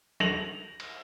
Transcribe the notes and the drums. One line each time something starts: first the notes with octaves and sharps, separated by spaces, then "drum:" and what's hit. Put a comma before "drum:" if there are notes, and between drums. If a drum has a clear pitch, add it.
A#6 F7 F#7, drum: snare
drum: cymbal